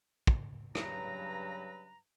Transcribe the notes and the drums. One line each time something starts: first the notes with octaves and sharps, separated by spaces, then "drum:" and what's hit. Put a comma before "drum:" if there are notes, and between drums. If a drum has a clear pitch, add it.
drum: kick
G2 C#3 F#3 B4 A#5, drum: rim click